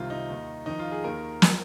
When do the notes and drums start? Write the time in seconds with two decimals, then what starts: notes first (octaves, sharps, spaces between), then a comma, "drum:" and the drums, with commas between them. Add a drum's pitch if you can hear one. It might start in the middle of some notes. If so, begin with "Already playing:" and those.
Already playing: C2 C3 D#3 F4
0.10 D#4
0.29 D#2 D#3
0.66 F2 D#3 D#4
0.79 F4
0.91 G#4
1.04 D#2 D#3 A#4
1.42 F3, drum: snare